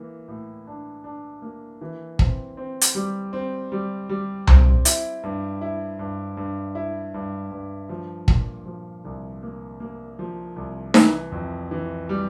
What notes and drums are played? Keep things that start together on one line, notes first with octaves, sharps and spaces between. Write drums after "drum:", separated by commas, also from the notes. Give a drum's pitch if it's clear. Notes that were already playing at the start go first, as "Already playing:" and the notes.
Already playing: E3 A#3
A2
D4
D4
A#3
E3
C4, drum: kick
C4
drum: hi-hat
G3
C4
G3
G3
C4, drum: tom C2
E4, drum: hi-hat
G2
E4
G2
G2
E4
G2
G2
F3
A#2, drum: kick
F3
C2
A#3
A#3
F3
C2
E3, drum: snare D#4
F2
E3
G3